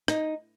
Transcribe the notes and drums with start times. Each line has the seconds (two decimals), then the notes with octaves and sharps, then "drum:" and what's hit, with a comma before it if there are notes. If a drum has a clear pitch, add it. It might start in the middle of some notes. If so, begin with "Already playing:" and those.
0.08 D#4, drum: rim click